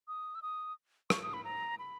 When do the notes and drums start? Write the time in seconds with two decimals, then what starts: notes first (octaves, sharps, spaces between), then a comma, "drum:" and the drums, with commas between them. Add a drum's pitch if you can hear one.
0.08 D#6
0.35 E6
0.42 D#6
1.10 C#6, drum: rim click
1.22 D#6
1.33 B5
1.44 A#5
1.79 B5